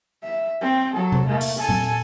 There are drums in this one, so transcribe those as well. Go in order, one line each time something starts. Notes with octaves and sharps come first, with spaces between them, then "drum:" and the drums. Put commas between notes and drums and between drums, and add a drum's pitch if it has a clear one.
E5
C4 G5
F#3 A4
drum: tom C3
A3 A#3
drum: open hi-hat
A4 G#5
drum: tom A#2